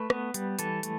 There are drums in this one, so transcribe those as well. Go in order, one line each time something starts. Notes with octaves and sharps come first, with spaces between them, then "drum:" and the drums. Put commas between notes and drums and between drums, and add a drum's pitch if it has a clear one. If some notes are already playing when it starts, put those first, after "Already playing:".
Already playing: A3 B4
B3, drum: rim click
G3, drum: hi-hat
E3 A4, drum: hi-hat
A3, drum: hi-hat